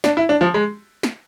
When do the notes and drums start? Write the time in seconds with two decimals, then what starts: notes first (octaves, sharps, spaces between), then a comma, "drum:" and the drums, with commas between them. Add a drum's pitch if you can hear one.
0.04 D4, drum: snare
0.17 E4
0.29 D4
0.41 F3
0.54 G#3
1.03 drum: snare